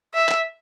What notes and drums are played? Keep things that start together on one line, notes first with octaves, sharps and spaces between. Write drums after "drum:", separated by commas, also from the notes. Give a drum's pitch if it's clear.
E5
drum: clap